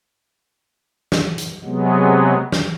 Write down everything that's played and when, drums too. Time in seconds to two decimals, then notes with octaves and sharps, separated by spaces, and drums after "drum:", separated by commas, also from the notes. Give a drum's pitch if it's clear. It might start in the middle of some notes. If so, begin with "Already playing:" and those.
1.12 drum: snare
1.38 drum: hi-hat
1.65 C3 F#3 G#3 B3
2.52 drum: snare